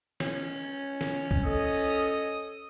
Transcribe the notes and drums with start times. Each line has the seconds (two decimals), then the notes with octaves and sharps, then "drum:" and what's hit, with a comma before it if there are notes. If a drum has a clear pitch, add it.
0.20 C#4, drum: snare
1.01 drum: snare
1.31 drum: kick B1
1.45 A4 D#5 D#6